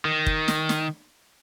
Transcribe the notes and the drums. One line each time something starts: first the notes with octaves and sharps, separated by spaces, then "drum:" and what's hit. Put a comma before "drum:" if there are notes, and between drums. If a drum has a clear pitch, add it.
D#3
drum: kick
drum: snare
drum: snare